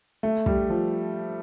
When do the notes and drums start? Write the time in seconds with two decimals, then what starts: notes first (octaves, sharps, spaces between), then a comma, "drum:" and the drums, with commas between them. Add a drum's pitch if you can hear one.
0.23 A3
0.46 G3, drum: kick
0.70 F3